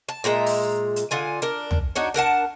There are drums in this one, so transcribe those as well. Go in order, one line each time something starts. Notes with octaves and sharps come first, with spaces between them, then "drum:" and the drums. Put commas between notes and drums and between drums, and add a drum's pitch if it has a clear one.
A5
A#2 G#3 E5 A#5
drum: open hi-hat
drum: hi-hat
D3 F4 G#5
D4 A#4
drum: tom
D4 D#4 F#4 C#5
D4 A#4 F#5 A5